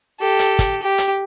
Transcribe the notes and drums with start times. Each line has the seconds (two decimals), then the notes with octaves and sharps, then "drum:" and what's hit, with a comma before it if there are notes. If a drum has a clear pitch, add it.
0.19 G4 A4
0.39 drum: hi-hat
0.59 drum: kick, hi-hat
0.83 G4
0.98 drum: hi-hat